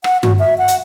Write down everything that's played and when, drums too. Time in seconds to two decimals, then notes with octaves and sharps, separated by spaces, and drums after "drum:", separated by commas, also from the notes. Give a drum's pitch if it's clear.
0.04 F#5, drum: rim click
0.23 F#4, drum: tom G2
0.39 E5
0.58 F#5
0.68 drum: hi-hat